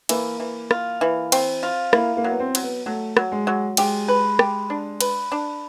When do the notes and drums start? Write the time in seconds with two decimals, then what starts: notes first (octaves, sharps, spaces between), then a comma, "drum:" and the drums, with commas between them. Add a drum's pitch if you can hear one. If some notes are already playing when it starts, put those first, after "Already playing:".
0.09 E3 A#3, drum: cymbal
0.40 E3
0.71 F4, drum: rim click
1.01 E3
1.32 C4, drum: cymbal
1.63 F4
1.93 A#3 E4, drum: rim click
2.17 A#3
2.24 F#3
2.30 B3
2.40 C4
2.55 F#3, drum: cymbal
2.63 B3
2.86 F#3 A3
3.17 F#3, drum: rim click
3.32 G#3
3.47 F#3
3.77 G#3 G4, drum: cymbal
4.08 B4
4.39 G4, drum: rim click
4.70 D4
5.01 B4, drum: cymbal
5.32 D4